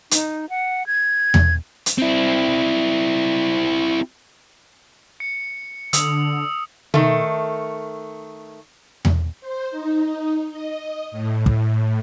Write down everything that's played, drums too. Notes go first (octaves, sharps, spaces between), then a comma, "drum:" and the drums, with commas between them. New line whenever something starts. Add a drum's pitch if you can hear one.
D#4, drum: hi-hat
F#5
G#6
drum: tom E2
drum: hi-hat
C4 E4
C#7
D3 D#6 E6, drum: hi-hat
D#3 A3, drum: tom B2
drum: tom E2
C5
D#4
D#5
A2
drum: kick